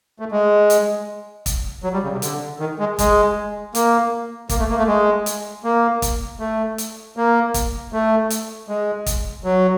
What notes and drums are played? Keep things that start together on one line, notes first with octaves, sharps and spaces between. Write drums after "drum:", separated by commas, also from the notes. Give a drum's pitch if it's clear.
A3
G#3
drum: hi-hat
drum: kick, hi-hat
F#3
G3
C#3
C3
D3, drum: hi-hat
D#3
G#3
G#3, drum: kick, hi-hat
A#3, drum: hi-hat
A#3, drum: kick, hi-hat
A3
A#3
A3
G#3
drum: hi-hat
A#3
drum: kick, hi-hat
A3
drum: hi-hat
A#3
drum: kick, hi-hat
A3
drum: hi-hat
G#3
drum: kick, hi-hat
F#3